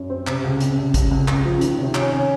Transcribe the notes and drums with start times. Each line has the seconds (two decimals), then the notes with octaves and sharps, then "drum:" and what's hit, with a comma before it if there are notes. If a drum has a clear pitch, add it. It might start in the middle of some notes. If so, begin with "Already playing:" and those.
Already playing: F#2
0.10 C4
0.27 C3, drum: clap
0.44 C#2
0.60 C3, drum: hi-hat
0.78 C3
0.94 C#2, drum: kick, hi-hat
1.11 C#2
1.28 C#2, drum: clap
1.45 F3
1.61 D#3, drum: hi-hat
1.79 C3
1.95 C#4, drum: clap
2.12 C#4